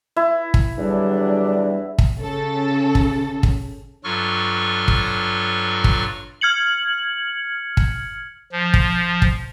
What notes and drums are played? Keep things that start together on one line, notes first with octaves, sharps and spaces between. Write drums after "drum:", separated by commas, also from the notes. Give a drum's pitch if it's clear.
E4
drum: kick
E2 D3 F#3 G3 D4
drum: kick
C#3 A4
drum: kick
drum: kick
G2 F#3 F4 A4 C#6 F6
drum: kick
drum: kick
F6 G#6 C#7 F#7
drum: kick
F3
drum: kick
drum: kick